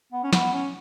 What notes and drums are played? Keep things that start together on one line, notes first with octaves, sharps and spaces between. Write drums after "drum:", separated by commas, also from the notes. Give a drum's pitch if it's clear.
B3
C#4
B3, drum: snare
C#4